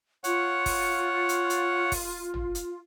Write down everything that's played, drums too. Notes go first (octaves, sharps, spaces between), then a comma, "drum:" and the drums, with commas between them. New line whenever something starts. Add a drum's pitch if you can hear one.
F4 C#5 F#5, drum: hi-hat
drum: kick, open hi-hat
drum: hi-hat
drum: hi-hat
drum: kick, open hi-hat
drum: tom
drum: hi-hat